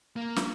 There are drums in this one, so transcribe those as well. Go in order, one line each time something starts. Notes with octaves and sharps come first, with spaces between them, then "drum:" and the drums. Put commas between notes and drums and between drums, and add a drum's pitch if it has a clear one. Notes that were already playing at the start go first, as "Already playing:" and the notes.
A#3
drum: snare